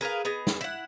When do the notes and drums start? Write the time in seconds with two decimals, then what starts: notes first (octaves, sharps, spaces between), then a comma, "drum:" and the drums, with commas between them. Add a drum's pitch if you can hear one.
0.01 G#4 A#4 B4 F5
0.25 B3 G#4 D#5
0.47 drum: snare
0.61 E4 F#5